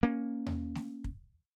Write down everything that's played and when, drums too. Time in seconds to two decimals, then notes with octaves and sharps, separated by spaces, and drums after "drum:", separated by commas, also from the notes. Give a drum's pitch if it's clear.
0.03 A#3 C#4
0.46 drum: tom D#2
0.75 drum: snare A3
1.04 drum: kick